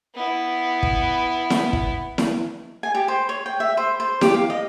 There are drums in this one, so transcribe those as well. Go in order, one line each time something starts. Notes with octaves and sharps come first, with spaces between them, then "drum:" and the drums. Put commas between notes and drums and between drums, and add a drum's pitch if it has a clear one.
B3 E4
drum: kick
drum: snare E4
drum: kick
drum: snare E4
G#5
G4
C5
C#5
G5
E5
C5
C5
G4, drum: snare E4
F5
D#5